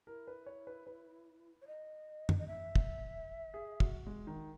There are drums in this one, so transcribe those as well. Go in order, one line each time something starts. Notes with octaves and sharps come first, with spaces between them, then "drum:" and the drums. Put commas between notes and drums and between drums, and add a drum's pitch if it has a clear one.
E4 A#4
B4
C#5
B4
B4
C#5
D#5
drum: tom
D#5
E5
drum: kick
G#4
F#4, drum: kick
G#3
D#3